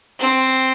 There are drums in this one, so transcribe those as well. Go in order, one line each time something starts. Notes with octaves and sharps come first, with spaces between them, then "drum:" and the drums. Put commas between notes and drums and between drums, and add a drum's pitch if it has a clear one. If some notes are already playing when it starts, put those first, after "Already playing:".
C4
drum: open hi-hat